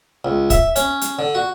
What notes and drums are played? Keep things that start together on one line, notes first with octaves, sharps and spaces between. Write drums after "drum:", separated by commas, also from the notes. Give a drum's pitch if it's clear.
C#2
E5, drum: kick, hi-hat
C#4, drum: hi-hat
drum: hi-hat
D3
F#4